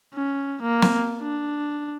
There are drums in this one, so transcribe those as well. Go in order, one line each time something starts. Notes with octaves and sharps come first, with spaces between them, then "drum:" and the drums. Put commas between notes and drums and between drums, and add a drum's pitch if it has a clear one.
C#4
A#3
drum: snare
D4